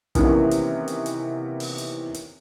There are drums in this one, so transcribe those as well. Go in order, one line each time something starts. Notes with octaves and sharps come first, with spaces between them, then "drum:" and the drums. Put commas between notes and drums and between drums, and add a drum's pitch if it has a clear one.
C3 D#3 E3 A#3 B3 C#4, drum: kick, hi-hat
drum: hi-hat
drum: hi-hat
drum: hi-hat
drum: open hi-hat
drum: hi-hat
drum: hi-hat